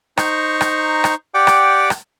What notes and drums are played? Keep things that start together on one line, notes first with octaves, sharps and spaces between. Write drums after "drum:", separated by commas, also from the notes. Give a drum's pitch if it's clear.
D#4 C5 A#5 C#6, drum: rim click
drum: rim click
drum: rim click
G4 D5 F#5 G5 D6
drum: rim click
drum: rim click